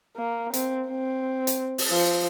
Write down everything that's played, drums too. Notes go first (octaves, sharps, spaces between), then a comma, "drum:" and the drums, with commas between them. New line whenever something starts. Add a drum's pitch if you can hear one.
A#3
C4, drum: hi-hat
C4
drum: hi-hat
drum: open hi-hat
F3